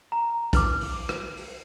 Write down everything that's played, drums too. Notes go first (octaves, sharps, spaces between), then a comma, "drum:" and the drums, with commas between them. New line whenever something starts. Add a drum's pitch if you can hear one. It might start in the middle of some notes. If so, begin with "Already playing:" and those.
A#5
E4 B4 D6, drum: kick, hi-hat
drum: open hi-hat
drum: rim click
drum: open hi-hat